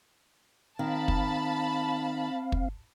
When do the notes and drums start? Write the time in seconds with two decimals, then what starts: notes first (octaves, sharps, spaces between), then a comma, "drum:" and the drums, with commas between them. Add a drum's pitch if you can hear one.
0.79 D#3 C4 F5 A5 B5
1.08 drum: kick
2.52 drum: kick